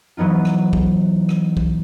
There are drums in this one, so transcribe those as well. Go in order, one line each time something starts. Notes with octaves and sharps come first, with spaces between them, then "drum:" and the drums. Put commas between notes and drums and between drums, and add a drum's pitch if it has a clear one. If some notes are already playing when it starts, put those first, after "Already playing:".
E3 F#3 B3 D#4 F4
drum: rim click
drum: kick
drum: rim click
drum: kick